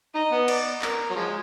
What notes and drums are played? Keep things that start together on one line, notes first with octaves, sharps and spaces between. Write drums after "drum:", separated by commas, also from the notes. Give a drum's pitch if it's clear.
D#4 D#5
B3
D5, drum: cymbal
A#4, drum: clap
F#3
F3 G#3